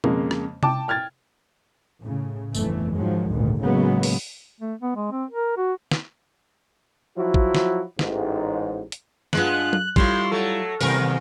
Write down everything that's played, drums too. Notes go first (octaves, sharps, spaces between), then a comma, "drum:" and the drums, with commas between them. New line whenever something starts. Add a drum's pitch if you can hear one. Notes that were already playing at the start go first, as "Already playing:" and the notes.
F2 C#3 G#3 A#3, drum: tom B2
drum: rim click
G5 A5 D6, drum: tom C3
G5 F6 G#6 A6
A2 C#3
G1 F2 E3 A3, drum: tambourine
G#2 D#3 F3 F#3 G#3
G#1 D2 A#2 D#3
A2 C#3 F#3 G#3 A#3 B3
drum: open hi-hat
A3
B3
G#3
C4
A#4
F#4
drum: snare
F3 F#3 E4 F#4
drum: kick A#1
drum: snare
A1 G#2, drum: snare
drum: hi-hat
G2 G#3 B3 D4 F4 F#6, drum: snare
drum: tom F#3
A2 G3 E4 F4 C6, drum: kick A#1
F#3 A3 A4
D#2 C3 G3 A#4 B4, drum: open hi-hat